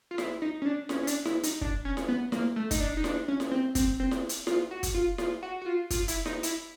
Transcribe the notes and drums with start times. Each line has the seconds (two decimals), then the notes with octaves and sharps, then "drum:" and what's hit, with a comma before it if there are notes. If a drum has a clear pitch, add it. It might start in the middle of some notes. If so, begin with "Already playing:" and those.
0.11 F4
0.18 E4, drum: snare E4
0.42 D#4
0.62 C#4
0.66 D4
0.89 C#4, drum: snare E4
1.03 C#4
1.07 D4, drum: hi-hat
1.25 E4, drum: snare E4
1.43 D#4, drum: hi-hat
1.61 D4, drum: kick
1.85 C#4
1.97 drum: snare E4
2.08 B3
2.32 A#3, drum: snare E4
2.56 A3
2.71 D#4, drum: kick, hi-hat
2.80 D4
2.97 D#4
3.04 D4, drum: snare E4
3.28 C#4
3.40 drum: snare E4
3.51 C4
3.75 C4, drum: kick, hi-hat
4.00 C4
4.11 drum: snare E4
4.29 drum: hi-hat
4.47 F4, drum: snare E4
4.71 F#4
4.83 drum: kick, hi-hat
4.94 F4
5.18 F4, drum: snare E4
5.43 F#4
5.62 F#4
5.66 F4
5.90 F4, drum: kick, hi-hat
6.08 E4, drum: hi-hat
6.26 D#4, drum: snare E4
6.43 E4, drum: hi-hat